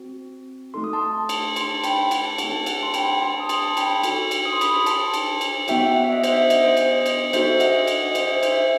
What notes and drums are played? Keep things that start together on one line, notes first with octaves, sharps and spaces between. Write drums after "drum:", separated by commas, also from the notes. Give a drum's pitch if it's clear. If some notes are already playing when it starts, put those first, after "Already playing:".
Already playing: C4 F#4
A3 D#4 A4 C6
D#6
A5 C6
drum: cymbal
A5 C6, drum: cymbal
G5 B5, drum: cymbal
F#5 A5, drum: cymbal
A3 C4 D#4 F#4 A4 F#5 A5, drum: cymbal
F#5 A5, drum: cymbal
C6
G5 B5, drum: cymbal
A5 C6
D#6
A5 C6, drum: cymbal
G5 B5, drum: cymbal
D#4 F#4 A4, drum: cymbal
drum: cymbal
D#6
C6
B5 D#6, drum: cymbal
A5 C6, drum: cymbal
drum: cymbal
drum: cymbal
B3 D#4 F#4 E5 G5, drum: cymbal
F#5
E5
D#5 F#5
C5 E5, drum: cymbal
D#5, drum: cymbal
C5
D#5, drum: cymbal
D#5
drum: cymbal
D#4 F#4 A4 C5 E5, drum: cymbal
D#5 F#5, drum: cymbal
D#5, drum: cymbal
D#5
C5 E5, drum: cymbal
C5 E5, drum: cymbal